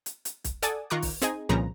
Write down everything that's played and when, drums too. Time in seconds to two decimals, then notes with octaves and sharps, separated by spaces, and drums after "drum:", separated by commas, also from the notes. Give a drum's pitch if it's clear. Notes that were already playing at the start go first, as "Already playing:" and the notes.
0.06 drum: hi-hat
0.25 drum: hi-hat
0.44 drum: kick, hi-hat
0.63 A4 D5 F#5 G#5 A5 D#6, drum: hi-hat
0.90 D#3 F4 A#5 C#6 D6 F#6
1.02 drum: kick, open hi-hat
1.22 C4 D#4 G#4 D#5 G#5, drum: hi-hat
1.49 C2 A#2 C#3 F3 B4 A#5